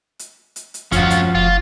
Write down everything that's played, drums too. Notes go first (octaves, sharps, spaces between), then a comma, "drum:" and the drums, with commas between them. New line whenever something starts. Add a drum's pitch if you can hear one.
drum: hi-hat
drum: hi-hat
drum: hi-hat
F#2 F3 C#4 F4 F#4, drum: kick D#2, hi-hat
drum: hi-hat
F1 F4